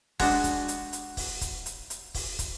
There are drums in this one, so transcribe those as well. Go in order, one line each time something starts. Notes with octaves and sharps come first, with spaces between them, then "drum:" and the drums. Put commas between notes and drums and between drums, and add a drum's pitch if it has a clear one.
G#3 D4 F#4 C5, drum: kick, open hi-hat
drum: kick, hi-hat
drum: hi-hat
drum: hi-hat
drum: kick, open hi-hat
drum: kick, hi-hat
drum: hi-hat
drum: hi-hat
drum: kick, open hi-hat
drum: kick, hi-hat